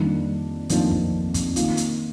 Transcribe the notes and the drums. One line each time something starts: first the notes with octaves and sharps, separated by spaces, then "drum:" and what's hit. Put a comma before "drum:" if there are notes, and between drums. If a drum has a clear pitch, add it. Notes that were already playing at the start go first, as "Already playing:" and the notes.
Already playing: F2 D#3 G3 A#3 D4
F2 D#3 F3 A#3 D4, drum: hi-hat
drum: kick
drum: kick, hi-hat
D#3 A#3 F4, drum: hi-hat
drum: hi-hat